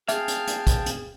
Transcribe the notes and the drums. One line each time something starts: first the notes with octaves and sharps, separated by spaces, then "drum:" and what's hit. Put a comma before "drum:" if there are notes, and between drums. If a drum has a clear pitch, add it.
G#4 E5 F5 G5 A5, drum: hi-hat
drum: hi-hat
drum: hi-hat
drum: kick, hi-hat
drum: hi-hat